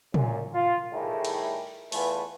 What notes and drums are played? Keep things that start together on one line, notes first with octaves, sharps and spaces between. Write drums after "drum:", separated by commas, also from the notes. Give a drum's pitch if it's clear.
F#2 A#2 C#4, drum: tom
F4
A2 D#3 G3 A3 E4 G#4
drum: cymbal
E2 E3 A3 F4 B4, drum: open hi-hat